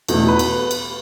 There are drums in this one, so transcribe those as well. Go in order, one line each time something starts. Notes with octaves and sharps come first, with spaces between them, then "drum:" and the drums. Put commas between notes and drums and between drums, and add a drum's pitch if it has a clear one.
E2 B2 A3, drum: cymbal
B4
drum: cymbal
drum: cymbal